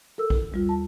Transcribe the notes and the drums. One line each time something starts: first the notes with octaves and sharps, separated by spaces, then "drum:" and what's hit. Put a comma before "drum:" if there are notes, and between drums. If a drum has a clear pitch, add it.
A4 A#4 E6
drum: kick A#1
D#2 G3 F4
A5